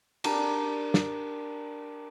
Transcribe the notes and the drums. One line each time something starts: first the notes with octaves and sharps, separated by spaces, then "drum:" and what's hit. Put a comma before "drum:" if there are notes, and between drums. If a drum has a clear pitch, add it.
D4 G4 A#4 D5, drum: cymbal
drum: snare